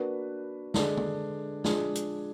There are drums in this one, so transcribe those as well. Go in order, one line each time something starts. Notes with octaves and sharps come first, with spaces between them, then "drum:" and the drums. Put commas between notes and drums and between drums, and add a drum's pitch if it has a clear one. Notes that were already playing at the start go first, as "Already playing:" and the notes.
Already playing: A#3 D4 F#4 B4
D3 G#3 D4 G#4, drum: snare
drum: tom
F3 G#3 D4 G#4, drum: snare
drum: hi-hat